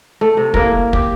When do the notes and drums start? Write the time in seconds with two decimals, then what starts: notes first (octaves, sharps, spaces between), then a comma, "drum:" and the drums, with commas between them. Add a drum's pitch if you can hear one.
0.21 A3
0.37 C3
0.54 A#3 E4 A#4, drum: kick
0.93 G4, drum: kick